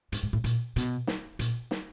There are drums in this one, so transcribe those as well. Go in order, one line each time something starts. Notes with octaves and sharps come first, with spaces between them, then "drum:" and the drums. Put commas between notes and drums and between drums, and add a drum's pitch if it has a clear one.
G#2, drum: hi-hat
G#2
A2
A#2, drum: hi-hat
B2, drum: hi-hat
drum: snare
A#2, drum: hi-hat
drum: snare